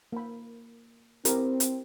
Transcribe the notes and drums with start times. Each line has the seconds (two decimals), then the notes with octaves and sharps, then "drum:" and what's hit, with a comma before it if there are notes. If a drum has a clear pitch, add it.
0.12 A#3 B5
1.25 C4 E4 G4 A#4, drum: hi-hat
1.60 drum: hi-hat